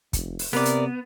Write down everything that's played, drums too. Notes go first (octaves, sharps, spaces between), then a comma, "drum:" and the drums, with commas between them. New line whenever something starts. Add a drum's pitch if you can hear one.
F1, drum: kick, hi-hat
drum: open hi-hat
C3 B3 A#4 D5
drum: hi-hat